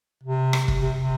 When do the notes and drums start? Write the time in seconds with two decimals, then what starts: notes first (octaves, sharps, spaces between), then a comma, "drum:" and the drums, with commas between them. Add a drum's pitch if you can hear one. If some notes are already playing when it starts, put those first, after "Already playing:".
0.24 C3
0.53 drum: rim click
0.68 drum: kick F1
0.82 C3
0.98 C3